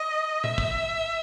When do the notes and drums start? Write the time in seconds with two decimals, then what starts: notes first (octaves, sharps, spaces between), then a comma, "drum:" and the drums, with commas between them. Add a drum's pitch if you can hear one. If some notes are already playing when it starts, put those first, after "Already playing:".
Already playing: D#5
0.44 E5, drum: tom A#2
0.58 drum: kick